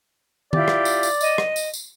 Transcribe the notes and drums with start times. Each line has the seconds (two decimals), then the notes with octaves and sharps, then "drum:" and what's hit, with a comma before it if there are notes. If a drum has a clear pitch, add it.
0.53 E4 F4 G4 D5, drum: tom D#3
0.68 drum: rim click
0.85 drum: tambourine
1.03 drum: tambourine
1.21 D#5, drum: tambourine
1.38 drum: rim click
1.56 drum: tambourine
1.74 drum: tambourine